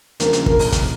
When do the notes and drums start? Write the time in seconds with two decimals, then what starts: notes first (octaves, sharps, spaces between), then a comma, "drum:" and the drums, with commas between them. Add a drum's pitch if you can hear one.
0.20 C#3 F3 A#3 D4 A#4, drum: hi-hat
0.33 drum: hi-hat
0.46 A#4, drum: kick
0.59 drum: open hi-hat
0.72 drum: kick, hi-hat